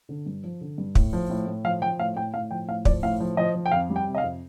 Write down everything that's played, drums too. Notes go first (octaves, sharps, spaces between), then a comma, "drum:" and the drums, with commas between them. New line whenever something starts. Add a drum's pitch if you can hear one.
D3
G2
F3
D3
G2
A2, drum: kick
F3
A2
A2
F3 F5
F3 G5
A2 F5
A2 G5
A2 F5
F3 G5
A2 F5
F3 D5, drum: kick
A2 F5
F3
F3 D#5
F3
G5
F2 F5
G3
G5
C3
D#5
F5
F2